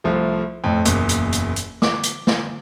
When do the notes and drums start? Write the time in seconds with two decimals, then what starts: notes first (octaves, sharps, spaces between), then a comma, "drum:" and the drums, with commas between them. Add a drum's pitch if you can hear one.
0.04 C2 F3 A3
0.64 F2 A2
0.85 F#1 E2 A#2, drum: hi-hat
1.09 drum: hi-hat
1.33 drum: hi-hat
1.56 drum: hi-hat
1.82 D6, drum: snare
2.03 drum: hi-hat
2.27 drum: snare